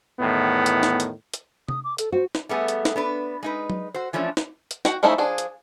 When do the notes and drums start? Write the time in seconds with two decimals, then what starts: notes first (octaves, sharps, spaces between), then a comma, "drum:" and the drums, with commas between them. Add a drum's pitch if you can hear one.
0.20 E2 A2 D#3 B3
0.66 drum: hi-hat
0.83 drum: snare
1.00 drum: hi-hat
1.34 drum: hi-hat
1.68 D#6, drum: tom C3
1.84 D6
1.98 A4, drum: hi-hat
2.12 F#4 C5
2.35 drum: snare
2.49 G3 A3 B3 G#4
2.68 drum: hi-hat
2.85 drum: snare
2.96 B3 D4 B4
3.43 G#3 D#4 B4
3.70 drum: tom F#3
3.94 F#4 C5
4.13 E3 F3 A3 C#4 D4
4.37 drum: snare
4.71 drum: hi-hat
4.85 F#4 F#5 G5, drum: snare
5.03 F3 A3 C#4 D#4 E4
5.18 F3 D4 G#4
5.38 drum: hi-hat